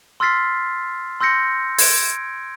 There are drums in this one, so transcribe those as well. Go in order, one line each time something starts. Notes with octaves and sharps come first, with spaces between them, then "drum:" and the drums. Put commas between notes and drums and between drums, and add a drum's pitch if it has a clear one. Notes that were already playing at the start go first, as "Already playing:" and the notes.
C6 E6 F6 A6 B6 C7
C6 E6 G6 A#6 C#7
G#6 D7, drum: open hi-hat